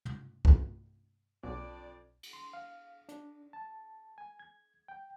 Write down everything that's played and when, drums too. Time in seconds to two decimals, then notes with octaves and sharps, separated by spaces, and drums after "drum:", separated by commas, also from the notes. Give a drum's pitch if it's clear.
0.05 drum: tom
0.45 drum: kick
1.43 B1 F2 D4 D5
2.23 drum: cymbal
2.33 C6
2.53 F5
3.09 D4, drum: hi-hat
3.53 A5
4.18 G#5
4.40 G#6
4.88 G5